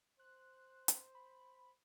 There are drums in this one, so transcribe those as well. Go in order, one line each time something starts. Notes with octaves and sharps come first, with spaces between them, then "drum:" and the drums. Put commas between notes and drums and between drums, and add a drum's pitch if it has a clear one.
C5 F#6
drum: hi-hat
B5